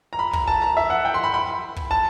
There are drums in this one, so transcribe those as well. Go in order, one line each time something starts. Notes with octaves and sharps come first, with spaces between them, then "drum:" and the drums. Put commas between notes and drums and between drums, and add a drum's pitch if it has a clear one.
A#5
B5
A#5, drum: kick
A5
A#5
E5
F#5
G5
C6
B5
B5
drum: kick
A5